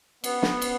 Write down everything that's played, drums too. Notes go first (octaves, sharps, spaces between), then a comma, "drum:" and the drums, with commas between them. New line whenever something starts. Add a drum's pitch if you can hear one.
B3, drum: cymbal
drum: snare
drum: cymbal